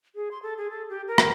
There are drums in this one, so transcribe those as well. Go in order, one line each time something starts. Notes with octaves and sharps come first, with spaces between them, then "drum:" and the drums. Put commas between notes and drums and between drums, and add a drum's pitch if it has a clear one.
G#4
C6
A4
G#4
A4
G4
A#4
drum: rim click